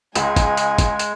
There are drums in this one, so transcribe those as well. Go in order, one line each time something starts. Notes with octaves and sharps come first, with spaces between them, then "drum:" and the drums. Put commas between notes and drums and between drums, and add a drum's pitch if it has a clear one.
C#2 G#3 G#5, drum: hi-hat
drum: kick, hi-hat
drum: hi-hat
drum: kick, hi-hat
drum: hi-hat